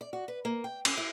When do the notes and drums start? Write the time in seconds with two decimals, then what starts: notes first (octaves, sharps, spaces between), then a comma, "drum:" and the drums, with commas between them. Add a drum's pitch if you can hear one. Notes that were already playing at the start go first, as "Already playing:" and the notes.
0.01 D5
0.13 F#4
0.28 B4
0.45 A#3
0.64 G5
0.85 C#4, drum: cymbal
0.97 E4